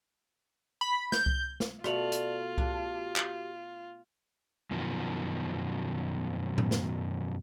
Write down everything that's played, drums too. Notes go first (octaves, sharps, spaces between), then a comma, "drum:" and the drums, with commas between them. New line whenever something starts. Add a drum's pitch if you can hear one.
B5
G6, drum: snare
drum: kick C2
drum: snare
B2 A3 F4 F#4 D5 F7 F#7, drum: rim click
drum: hi-hat
D4 G4, drum: kick C2
drum: clap
F#2 B2 D#3 F3
drum: tom A2
drum: snare